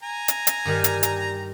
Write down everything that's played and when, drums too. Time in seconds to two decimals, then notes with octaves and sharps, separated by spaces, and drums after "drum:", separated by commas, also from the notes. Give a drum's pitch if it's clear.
0.03 G#5 A#5
0.28 drum: hi-hat
0.47 drum: hi-hat
0.65 G2 D#3 G3
0.84 drum: hi-hat
1.03 drum: hi-hat